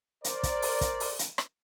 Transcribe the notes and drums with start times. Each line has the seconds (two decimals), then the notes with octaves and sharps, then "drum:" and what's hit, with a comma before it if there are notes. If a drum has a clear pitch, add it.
0.24 A#4 C5 D5, drum: hi-hat
0.43 drum: kick, hi-hat
0.62 drum: open hi-hat
0.81 drum: kick, hi-hat
1.00 drum: open hi-hat
1.19 drum: hi-hat
1.38 drum: rim click